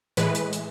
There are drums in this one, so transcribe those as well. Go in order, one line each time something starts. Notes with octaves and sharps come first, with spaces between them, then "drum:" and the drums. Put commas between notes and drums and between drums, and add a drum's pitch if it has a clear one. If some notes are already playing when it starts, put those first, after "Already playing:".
A2 E3 G#3 B4, drum: hi-hat
drum: hi-hat
drum: hi-hat